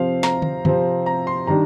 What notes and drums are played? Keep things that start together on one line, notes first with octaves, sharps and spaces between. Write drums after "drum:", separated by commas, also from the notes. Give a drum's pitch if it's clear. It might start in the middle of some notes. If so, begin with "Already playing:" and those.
Already playing: C3 F3 C4 F5
A#5, drum: snare
drum: tom
C3 F3 C4, drum: tom D3
A#5
C6
D#3 G3 D4 A#5